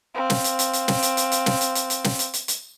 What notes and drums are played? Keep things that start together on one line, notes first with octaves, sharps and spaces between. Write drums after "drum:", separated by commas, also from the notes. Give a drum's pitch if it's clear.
C4 F5
drum: snare
drum: hi-hat
drum: hi-hat
drum: hi-hat
drum: snare
drum: hi-hat
drum: hi-hat
drum: hi-hat
drum: snare
drum: hi-hat
drum: hi-hat
drum: hi-hat
drum: snare
drum: hi-hat
drum: hi-hat
drum: hi-hat